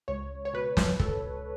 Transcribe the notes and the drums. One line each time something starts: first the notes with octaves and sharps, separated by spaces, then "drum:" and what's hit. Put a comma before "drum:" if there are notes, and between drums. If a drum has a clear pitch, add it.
C#2 C#5
C#5
B2 B4
drum: snare
C#2 A4, drum: kick